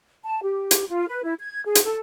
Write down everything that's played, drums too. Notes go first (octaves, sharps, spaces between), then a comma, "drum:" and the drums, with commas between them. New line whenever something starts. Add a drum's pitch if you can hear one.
A5
G4
drum: hi-hat
F4
B4
E4
G#6
G#4
drum: hi-hat
A4